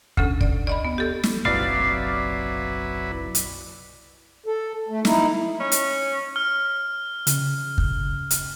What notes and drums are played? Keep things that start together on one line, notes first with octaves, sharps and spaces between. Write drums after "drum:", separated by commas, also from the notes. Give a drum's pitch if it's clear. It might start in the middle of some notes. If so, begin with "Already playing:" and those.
D2 C#4 A4, drum: kick
D5, drum: kick
D5 D#5 B5
B3
G4 A4
drum: snare
F#1 B1 C3 F#3 E4 B4 D5 F5
drum: hi-hat
A4
A3
D#4 E4, drum: snare
C#4
drum: hi-hat
F6
C#3, drum: hi-hat
drum: kick
drum: hi-hat